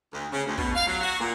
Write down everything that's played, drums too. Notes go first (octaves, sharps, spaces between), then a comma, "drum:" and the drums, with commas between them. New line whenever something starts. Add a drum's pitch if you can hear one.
D2
C#3
D2
B2, drum: kick
F5
F#3
F#4
A#2